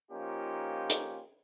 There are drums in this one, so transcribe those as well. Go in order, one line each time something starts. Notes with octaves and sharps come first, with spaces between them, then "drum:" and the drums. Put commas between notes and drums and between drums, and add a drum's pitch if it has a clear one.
F3 A#3 C#4 D#4 F4 G4
drum: hi-hat